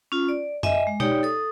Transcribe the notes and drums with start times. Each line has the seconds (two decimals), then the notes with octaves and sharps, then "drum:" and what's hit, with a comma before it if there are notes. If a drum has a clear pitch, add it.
0.12 C#4 F4
0.29 D5
0.63 D#5 E5 G#5, drum: tom F#2
0.87 G#3
1.00 D#4 G4 C#5 D5 G5, drum: tom B2
1.23 A4 D#6